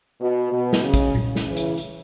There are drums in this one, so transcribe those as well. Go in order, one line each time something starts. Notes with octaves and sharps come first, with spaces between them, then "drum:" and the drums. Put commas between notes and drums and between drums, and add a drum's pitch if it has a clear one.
B2
B2
drum: snare
C#3
drum: kick, hi-hat
drum: tom A#2
drum: snare
C#3 E3
drum: hi-hat
drum: hi-hat